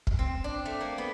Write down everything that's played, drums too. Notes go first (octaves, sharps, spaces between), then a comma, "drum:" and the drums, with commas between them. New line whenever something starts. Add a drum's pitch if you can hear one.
drum: kick
C4
D4
A3
A#3
B3